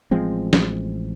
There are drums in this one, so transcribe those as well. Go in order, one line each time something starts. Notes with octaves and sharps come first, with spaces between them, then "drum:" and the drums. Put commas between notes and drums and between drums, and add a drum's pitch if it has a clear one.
A1 F3 G#3 C4
drum: snare